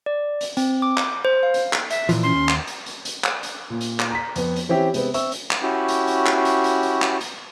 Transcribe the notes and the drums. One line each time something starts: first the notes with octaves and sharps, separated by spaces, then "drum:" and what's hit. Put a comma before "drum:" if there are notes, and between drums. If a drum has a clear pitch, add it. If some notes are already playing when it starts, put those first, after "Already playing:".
D5
drum: hi-hat
C4, drum: hi-hat
D6
drum: clap
C5
F5
drum: hi-hat
drum: clap
E5, drum: hi-hat
A#2 E3 F3, drum: hi-hat
C#4 C6
D#2
drum: clap
drum: hi-hat
drum: hi-hat
drum: hi-hat
drum: clap
drum: hi-hat
A#2
drum: hi-hat
drum: clap
A#5 B6
F2 B3, drum: hi-hat
drum: hi-hat
E3 C4 C#4 G4 E5
C3 G#3 B3 C4, drum: hi-hat
C4 E5 C#6 E6, drum: hi-hat
drum: hi-hat
drum: clap
C#4 E4 F#4 G4
drum: hi-hat
drum: hi-hat
drum: clap
drum: hi-hat
drum: hi-hat
drum: hi-hat
drum: clap
drum: hi-hat